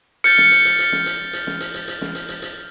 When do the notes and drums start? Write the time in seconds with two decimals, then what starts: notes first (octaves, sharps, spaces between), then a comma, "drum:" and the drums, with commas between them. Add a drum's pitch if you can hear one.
0.24 F6 G6 A6 C#7, drum: hi-hat
0.38 drum: snare
0.52 drum: hi-hat
0.65 drum: hi-hat
0.79 drum: hi-hat
0.92 drum: snare
1.06 drum: hi-hat
1.33 drum: hi-hat
1.47 drum: snare
1.60 drum: hi-hat
1.74 drum: hi-hat
1.88 drum: hi-hat
2.01 drum: snare
2.15 drum: hi-hat
2.29 drum: hi-hat
2.42 drum: hi-hat